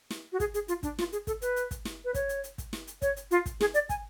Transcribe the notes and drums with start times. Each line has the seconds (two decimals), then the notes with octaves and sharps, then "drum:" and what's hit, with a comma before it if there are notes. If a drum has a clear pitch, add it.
0.11 drum: snare
0.32 F#4
0.40 G#4, drum: kick, hi-hat
0.54 G#4, drum: hi-hat
0.68 F4, drum: hi-hat
0.83 D4, drum: kick, hi-hat
0.99 F4, drum: snare
1.12 G#4, drum: hi-hat
1.27 A4, drum: kick, hi-hat
1.42 B4, drum: hi-hat
1.56 drum: hi-hat
1.71 drum: kick, hi-hat
1.85 drum: snare
2.05 B4
2.14 C#5, drum: kick, hi-hat
2.29 drum: hi-hat
2.44 drum: hi-hat
2.58 drum: kick, hi-hat
2.73 drum: snare
2.87 drum: hi-hat
3.02 C#5, drum: kick, hi-hat
3.16 drum: hi-hat
3.31 F4, drum: hi-hat
3.46 drum: kick, hi-hat
3.61 G#4, drum: snare
3.74 D5, drum: hi-hat
3.89 G#5, drum: kick, hi-hat